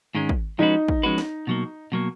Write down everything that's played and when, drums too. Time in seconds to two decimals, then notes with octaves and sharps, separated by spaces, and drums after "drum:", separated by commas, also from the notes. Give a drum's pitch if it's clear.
0.15 G#2 D#3 G#3 C#4
0.29 drum: kick
0.59 F3 G#3 C#4 D#4 F#4 B4
0.88 drum: kick
1.03 F3 G#3 C#4 F#4 B4
1.18 drum: snare
1.47 B2 F#3 A#3
1.92 B2 F#3 A#3